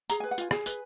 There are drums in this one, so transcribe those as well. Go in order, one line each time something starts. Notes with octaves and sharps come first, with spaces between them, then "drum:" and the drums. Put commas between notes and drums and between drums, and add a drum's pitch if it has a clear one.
G#4 A#5, drum: tambourine
B4 G#5
F#5
F4 G#5, drum: tambourine
G#4 G#5, drum: rim click
B4, drum: tambourine